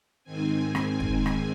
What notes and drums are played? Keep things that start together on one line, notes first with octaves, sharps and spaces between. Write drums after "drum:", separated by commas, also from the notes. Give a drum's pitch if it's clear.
G#2 D#3 C4 G#5
drum: rim click
drum: kick
drum: rim click